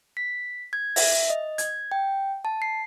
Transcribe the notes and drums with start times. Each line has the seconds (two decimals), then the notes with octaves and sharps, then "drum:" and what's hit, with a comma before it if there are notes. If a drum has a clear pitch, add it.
0.17 B6
0.73 G#6
0.96 E5, drum: open hi-hat
1.30 D#5
1.58 G#6, drum: hi-hat
1.92 G5
2.45 A5
2.62 C7